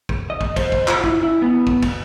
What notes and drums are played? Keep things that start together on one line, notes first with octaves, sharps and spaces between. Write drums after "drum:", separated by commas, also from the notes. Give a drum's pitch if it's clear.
drum: kick
D#5
drum: kick
C5, drum: kick, cymbal
drum: kick
F4, drum: clap
E4, drum: kick
E4
B3
drum: kick
drum: kick, cymbal